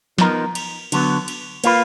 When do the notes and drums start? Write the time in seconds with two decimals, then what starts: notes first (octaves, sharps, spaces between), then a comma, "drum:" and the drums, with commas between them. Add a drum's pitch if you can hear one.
0.18 F3 B3 D#4 A#4, drum: snare
0.55 drum: cymbal
0.92 D3 F#3 B3, drum: cymbal
1.28 drum: cymbal
1.64 A#3 F4 B4, drum: cymbal